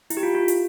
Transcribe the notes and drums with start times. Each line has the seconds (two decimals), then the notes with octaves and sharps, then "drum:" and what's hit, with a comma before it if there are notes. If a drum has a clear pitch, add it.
0.10 E4, drum: hi-hat
0.17 G4
0.23 F4
0.35 F4
0.48 drum: hi-hat